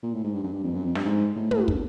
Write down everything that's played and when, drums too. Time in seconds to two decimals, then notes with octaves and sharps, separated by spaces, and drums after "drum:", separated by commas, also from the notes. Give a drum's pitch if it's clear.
0.03 A#2
0.14 A2
0.24 G#2
0.34 G2
0.43 F#2
0.53 G2
0.63 F2
0.74 F#2
0.84 F2
0.95 G2, drum: snare
1.05 G#2
1.36 A2
1.51 A2, drum: tom
1.68 drum: kick